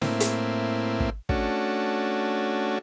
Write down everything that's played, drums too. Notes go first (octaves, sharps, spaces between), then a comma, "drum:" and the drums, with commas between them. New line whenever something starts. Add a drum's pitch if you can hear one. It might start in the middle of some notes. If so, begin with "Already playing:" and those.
A2 A#3 C4 E4, drum: snare
drum: hi-hat
drum: kick
A3 C#4 D4 F#4, drum: kick